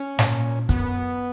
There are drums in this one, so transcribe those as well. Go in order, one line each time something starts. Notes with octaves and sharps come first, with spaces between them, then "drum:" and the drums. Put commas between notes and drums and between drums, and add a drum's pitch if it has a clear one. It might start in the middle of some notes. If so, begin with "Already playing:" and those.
Already playing: C#4
A#2, drum: snare
F#2 B3, drum: kick